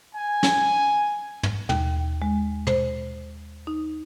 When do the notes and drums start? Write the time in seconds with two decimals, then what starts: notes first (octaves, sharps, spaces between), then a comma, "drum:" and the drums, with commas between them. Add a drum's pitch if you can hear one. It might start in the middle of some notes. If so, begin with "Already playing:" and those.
0.16 G#5
0.43 drum: snare
1.43 drum: tom
1.69 D#2, drum: tom
2.22 G#3
2.67 C5, drum: tom
3.67 D#4